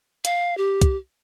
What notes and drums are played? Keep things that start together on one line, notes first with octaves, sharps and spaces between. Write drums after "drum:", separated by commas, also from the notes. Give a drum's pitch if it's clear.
F5, drum: hi-hat
G4
drum: kick, hi-hat